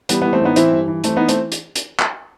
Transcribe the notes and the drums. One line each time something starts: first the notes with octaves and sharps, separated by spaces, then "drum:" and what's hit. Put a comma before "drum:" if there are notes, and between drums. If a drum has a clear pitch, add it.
E3 G3 B3, drum: hi-hat
E3 G3 B3
A3 C4
A1 B3 D#4
E3 C4 E4, drum: hi-hat
G2
E3
E3 A3 C4, drum: hi-hat
E3 B3 D#4
A3 C4, drum: hi-hat
drum: hi-hat
drum: hi-hat
drum: clap